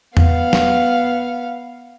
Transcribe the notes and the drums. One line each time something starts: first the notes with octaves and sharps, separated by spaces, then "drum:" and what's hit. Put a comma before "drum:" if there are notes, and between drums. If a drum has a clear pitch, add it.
B3 F5, drum: tom E2
drum: snare